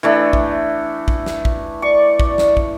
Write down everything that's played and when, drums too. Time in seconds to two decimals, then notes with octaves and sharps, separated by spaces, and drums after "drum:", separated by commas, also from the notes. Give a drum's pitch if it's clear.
0.03 E3 A3 D4
0.33 drum: kick
1.08 drum: kick
1.26 drum: snare
1.45 drum: kick
1.82 D5 C#6
2.20 drum: kick
2.38 drum: snare
2.57 drum: kick